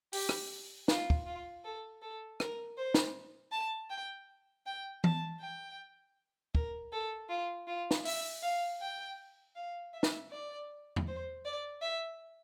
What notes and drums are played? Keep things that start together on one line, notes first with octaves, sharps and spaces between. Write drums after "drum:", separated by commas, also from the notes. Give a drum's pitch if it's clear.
G4, drum: open hi-hat
drum: rim click
F4, drum: snare
drum: kick
F4
A4
A4
A#4, drum: rim click
C5
drum: snare
A5
G5
G5
A5, drum: tom E3
G5
A#4, drum: kick
A4
F4
F4
drum: snare
E5, drum: open hi-hat
F5
G5
F5
E5
drum: snare
D5
drum: tom E2
C5
D5
E5